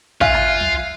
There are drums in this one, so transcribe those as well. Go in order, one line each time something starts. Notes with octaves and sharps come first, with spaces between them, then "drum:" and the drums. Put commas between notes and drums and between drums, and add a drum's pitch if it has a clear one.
F4 E5 F5 G#5 F#6, drum: kick
drum: rim click
drum: tom